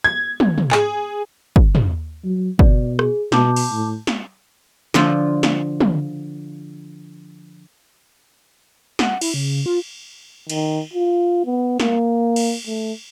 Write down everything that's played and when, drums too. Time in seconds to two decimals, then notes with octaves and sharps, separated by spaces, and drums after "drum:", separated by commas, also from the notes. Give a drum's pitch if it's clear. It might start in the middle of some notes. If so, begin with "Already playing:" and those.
0.04 G#6
0.40 drum: tom
0.58 drum: tom
0.71 G#4, drum: clap
1.56 drum: kick
1.75 drum: tom
2.25 F#3
2.59 B2 D5, drum: kick
2.99 G#4, drum: rim click
3.32 B2 A5 D6 G6, drum: snare
3.56 drum: open hi-hat
3.72 A2
4.07 drum: snare
4.94 D3 F3 F4, drum: snare
5.43 drum: snare
5.80 drum: tom
8.99 F#5, drum: snare
9.21 E4, drum: cymbal
9.34 C#3
9.66 F4
10.50 D#3, drum: cymbal
10.94 F4
11.46 B3
11.80 A#3, drum: snare
12.36 drum: cymbal
12.67 A3